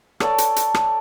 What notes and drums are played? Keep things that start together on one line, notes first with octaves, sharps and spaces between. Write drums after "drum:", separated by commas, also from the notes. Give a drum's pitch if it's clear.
A4 C#5 D5 A5, drum: rim click
drum: hi-hat
drum: hi-hat
drum: rim click